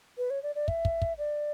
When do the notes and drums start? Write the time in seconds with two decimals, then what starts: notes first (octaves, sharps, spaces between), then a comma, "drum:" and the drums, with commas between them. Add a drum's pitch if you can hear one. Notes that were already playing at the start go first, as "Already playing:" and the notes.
0.18 B4
0.30 C#5
0.43 D5
0.55 D5
0.68 E5, drum: kick
0.85 drum: kick
1.02 drum: kick
1.18 D5